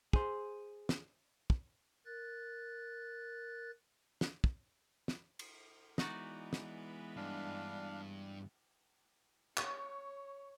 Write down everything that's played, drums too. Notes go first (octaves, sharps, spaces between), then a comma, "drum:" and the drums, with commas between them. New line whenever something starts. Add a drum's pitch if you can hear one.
G#4 C5, drum: kick
drum: snare
drum: kick
A#4 F#6 A6
drum: snare
drum: kick
drum: snare
drum: cymbal
E3 G#3 B3 D#4 F#4 D5, drum: snare
drum: snare
G2 D4 F5
C#5 C#6, drum: clap